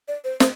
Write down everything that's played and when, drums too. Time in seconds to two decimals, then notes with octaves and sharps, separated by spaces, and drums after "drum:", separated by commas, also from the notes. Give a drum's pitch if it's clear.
0.08 D5
0.24 C5
0.40 C5, drum: snare